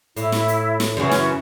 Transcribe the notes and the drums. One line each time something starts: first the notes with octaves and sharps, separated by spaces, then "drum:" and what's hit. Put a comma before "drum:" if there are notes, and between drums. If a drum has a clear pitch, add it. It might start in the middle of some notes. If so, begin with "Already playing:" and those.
A2 E4, drum: hi-hat
drum: snare
drum: hi-hat
drum: snare
F#2 C#3 E3 C#4
drum: snare